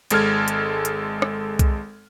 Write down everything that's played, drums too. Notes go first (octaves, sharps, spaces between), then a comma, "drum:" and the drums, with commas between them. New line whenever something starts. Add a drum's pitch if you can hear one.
G#1 G#3 A4 F6 G#6, drum: hi-hat
drum: hi-hat
drum: hi-hat
drum: rim click
drum: kick C2, hi-hat